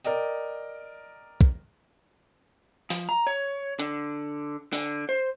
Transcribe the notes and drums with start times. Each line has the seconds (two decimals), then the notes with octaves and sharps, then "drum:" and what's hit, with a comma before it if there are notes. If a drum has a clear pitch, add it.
0.05 A#4 D5 D#5 G5, drum: tambourine
1.41 drum: kick
2.90 F3, drum: open hi-hat
3.09 A#5
3.27 C#5
3.79 D3, drum: hi-hat
4.73 D3, drum: open hi-hat
5.09 C5